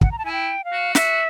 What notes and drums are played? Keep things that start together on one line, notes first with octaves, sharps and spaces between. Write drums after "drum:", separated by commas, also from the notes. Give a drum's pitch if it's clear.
F#5, drum: kick
A#5
A5
E4 G#5
G5
F5
F#4
F#4 E5, drum: snare